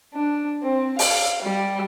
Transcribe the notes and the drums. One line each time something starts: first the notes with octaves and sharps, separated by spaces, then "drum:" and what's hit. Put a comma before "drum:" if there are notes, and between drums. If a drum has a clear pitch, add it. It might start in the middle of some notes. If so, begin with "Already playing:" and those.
D4
C4
F5, drum: open hi-hat
G3